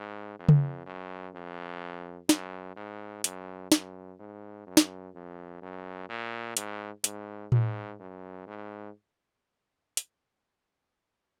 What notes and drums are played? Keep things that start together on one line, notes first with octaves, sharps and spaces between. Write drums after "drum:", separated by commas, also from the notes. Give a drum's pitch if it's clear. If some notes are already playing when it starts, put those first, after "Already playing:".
Already playing: G#2
F2
drum: tom C#3
F#2
F2
F#2, drum: snare
G#2
F#2, drum: hi-hat
F#2, drum: snare
G#2
F#2
drum: snare
F2
F#2
A#2
G#2, drum: hi-hat
G#2, drum: hi-hat
G#2, drum: tom A2
F#2
G#2
drum: hi-hat